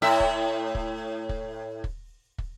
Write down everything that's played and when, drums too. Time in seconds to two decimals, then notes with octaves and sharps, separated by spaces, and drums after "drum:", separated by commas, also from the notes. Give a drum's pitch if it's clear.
0.02 A2 E4 E5
0.20 drum: kick
0.75 drum: kick
1.29 drum: kick
1.84 drum: kick
2.38 drum: kick